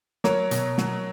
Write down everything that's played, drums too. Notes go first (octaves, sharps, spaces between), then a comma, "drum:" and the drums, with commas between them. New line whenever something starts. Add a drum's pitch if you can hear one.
F#3 A#4 C#5, drum: snare
B2, drum: hi-hat
F#3, drum: snare